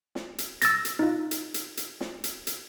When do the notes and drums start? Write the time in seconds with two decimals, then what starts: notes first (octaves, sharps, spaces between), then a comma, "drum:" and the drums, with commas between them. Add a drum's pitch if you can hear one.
0.15 drum: snare
0.38 drum: hi-hat
0.62 E6 A6 A#6, drum: hi-hat
0.85 drum: hi-hat
0.99 D#4 F4
1.31 drum: hi-hat
1.54 drum: hi-hat
1.77 drum: hi-hat
2.00 drum: snare
2.24 drum: hi-hat
2.47 drum: hi-hat